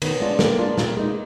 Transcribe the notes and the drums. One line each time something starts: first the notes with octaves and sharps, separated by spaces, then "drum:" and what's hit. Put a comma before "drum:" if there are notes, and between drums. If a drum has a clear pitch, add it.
D#3 B3, drum: cymbal
G#3 D4 F4
D#3 A#3, drum: snare
G#3 D4 F4
A#2, drum: snare
G#3 D#4